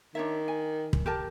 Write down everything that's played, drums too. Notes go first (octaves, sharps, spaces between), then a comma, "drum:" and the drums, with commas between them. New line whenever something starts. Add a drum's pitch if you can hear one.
D#3 D4 C#5 E5
G#5
drum: kick
G4 A#4 A5